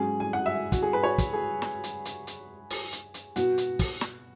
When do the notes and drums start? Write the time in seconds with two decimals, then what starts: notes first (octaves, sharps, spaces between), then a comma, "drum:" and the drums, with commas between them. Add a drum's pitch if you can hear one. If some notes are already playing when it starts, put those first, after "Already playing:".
Already playing: G#2 F#3 C#4 G#4
0.20 G#5
0.33 F#5
0.46 E5
0.72 F#4, drum: kick, hi-hat
0.83 G#4
0.93 B4
1.03 C#5
1.18 drum: kick, hi-hat
1.33 G#4
1.62 drum: snare
1.84 drum: hi-hat
2.05 drum: hi-hat
2.27 drum: hi-hat
2.71 drum: open hi-hat
2.92 drum: hi-hat
3.14 drum: hi-hat
3.36 B2 B3 F#4, drum: hi-hat
3.58 drum: hi-hat
3.79 drum: kick, open hi-hat
4.01 drum: snare